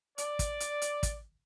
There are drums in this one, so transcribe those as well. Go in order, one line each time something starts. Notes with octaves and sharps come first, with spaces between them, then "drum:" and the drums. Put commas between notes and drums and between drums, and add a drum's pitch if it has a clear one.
D5, drum: hi-hat
drum: kick, hi-hat
drum: hi-hat
drum: hi-hat
drum: kick, hi-hat